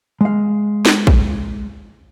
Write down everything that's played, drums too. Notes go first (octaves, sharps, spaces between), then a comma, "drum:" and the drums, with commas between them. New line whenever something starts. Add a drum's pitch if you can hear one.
G#3 F5
drum: snare
drum: kick